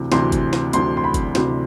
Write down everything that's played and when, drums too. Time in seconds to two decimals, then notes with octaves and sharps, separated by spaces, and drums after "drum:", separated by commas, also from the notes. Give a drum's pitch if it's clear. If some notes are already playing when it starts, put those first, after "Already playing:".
Already playing: D2 C3 E3
0.12 D2 C3 E3 C6, drum: snare
0.32 drum: kick, hi-hat
0.53 drum: snare
0.73 D2 C3 E3 C6, drum: hi-hat
0.97 C6
1.04 B5
1.14 drum: kick, hi-hat
1.35 D2 C3 E3, drum: snare